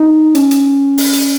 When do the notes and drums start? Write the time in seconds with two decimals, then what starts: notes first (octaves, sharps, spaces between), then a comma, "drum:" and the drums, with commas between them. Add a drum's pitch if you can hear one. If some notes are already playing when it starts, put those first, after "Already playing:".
Already playing: D#4
0.35 C#4, drum: hi-hat
0.51 drum: hi-hat
0.98 drum: open hi-hat
1.13 drum: hi-hat